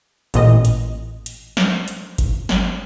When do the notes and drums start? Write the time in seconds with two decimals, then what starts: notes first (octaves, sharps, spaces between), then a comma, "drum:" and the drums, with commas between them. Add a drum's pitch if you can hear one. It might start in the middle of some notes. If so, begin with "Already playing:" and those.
0.34 A1 A#2 D#5, drum: hi-hat
0.65 drum: hi-hat
1.26 drum: hi-hat
1.57 drum: snare
1.88 drum: hi-hat
2.18 drum: kick G1, hi-hat
2.49 drum: snare